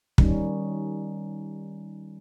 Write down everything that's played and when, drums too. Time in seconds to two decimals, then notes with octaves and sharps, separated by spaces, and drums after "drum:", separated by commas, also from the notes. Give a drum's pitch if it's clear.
0.18 D#3 G3 C#4 D#4, drum: kick